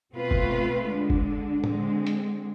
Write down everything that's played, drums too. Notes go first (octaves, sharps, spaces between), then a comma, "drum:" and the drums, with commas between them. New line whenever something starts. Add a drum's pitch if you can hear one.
B2 A3 C4 F4 B4
drum: kick
D3 G#3 D4
drum: kick
D3 G#3 C4, drum: tom A2
drum: hi-hat